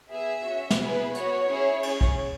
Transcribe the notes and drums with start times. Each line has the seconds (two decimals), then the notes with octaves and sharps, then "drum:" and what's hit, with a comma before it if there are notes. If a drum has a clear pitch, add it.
0.12 B3 G#4 E5
0.46 C#4 F#4
0.70 drum: snare
0.80 B3 E4 G#4 B4
1.15 B3 F#4 C#5, drum: hi-hat
1.48 C#4 E4 G#4
1.83 C#4 G#4, drum: cymbal
2.01 drum: kick